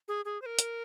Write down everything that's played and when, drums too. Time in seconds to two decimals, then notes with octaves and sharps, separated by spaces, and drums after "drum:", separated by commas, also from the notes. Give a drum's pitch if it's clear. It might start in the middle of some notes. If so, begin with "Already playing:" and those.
0.08 G#4
0.25 G#4
0.42 C5
0.46 A#4
0.59 drum: hi-hat